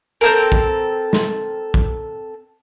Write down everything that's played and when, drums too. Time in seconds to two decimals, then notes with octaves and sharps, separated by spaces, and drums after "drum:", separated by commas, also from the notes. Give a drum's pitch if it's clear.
0.21 C4 D#4 A4 A#4
0.52 drum: kick
1.13 drum: snare
1.74 drum: kick